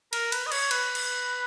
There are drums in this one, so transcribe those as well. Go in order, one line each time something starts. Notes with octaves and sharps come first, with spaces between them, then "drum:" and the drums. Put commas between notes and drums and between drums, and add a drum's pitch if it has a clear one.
A#4, drum: cymbal
B4, drum: cymbal
D#5
C#5, drum: cymbal
B4, drum: cymbal
drum: cymbal